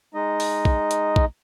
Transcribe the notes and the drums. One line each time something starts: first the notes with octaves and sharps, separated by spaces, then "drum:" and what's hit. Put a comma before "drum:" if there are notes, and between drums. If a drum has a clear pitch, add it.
G#3 D#4 D#5
drum: open hi-hat
drum: kick A#1
drum: hi-hat
drum: kick A#1